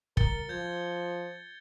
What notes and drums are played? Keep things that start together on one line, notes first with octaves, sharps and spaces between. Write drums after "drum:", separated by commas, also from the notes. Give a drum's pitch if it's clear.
A#4 A6 C#7 G7, drum: kick
F3 G6 G#6